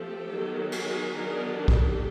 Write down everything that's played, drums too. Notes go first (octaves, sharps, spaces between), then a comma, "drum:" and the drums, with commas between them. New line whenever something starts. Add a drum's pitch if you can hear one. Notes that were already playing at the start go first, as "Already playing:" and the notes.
Already playing: F3 A3 C4 G4 A4
D#3 F#3 B3
G#4 A#4, drum: cymbal
D#3 F#3 B3 D4 G#4 A#4
G4 A4
drum: kick